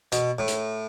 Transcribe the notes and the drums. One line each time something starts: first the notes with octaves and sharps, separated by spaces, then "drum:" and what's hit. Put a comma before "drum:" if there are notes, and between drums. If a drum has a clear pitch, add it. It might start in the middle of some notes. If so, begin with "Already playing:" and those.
B2, drum: hi-hat
A2
drum: hi-hat